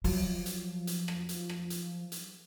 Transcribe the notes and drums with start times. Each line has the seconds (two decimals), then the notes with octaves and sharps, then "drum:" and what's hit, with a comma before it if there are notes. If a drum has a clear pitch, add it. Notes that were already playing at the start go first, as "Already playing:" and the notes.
0.04 F3 F#3, drum: open hi-hat
0.46 drum: hi-hat
0.87 drum: hi-hat
1.08 drum: rim click
1.29 drum: hi-hat
1.49 drum: rim click
1.70 drum: hi-hat
2.12 drum: hi-hat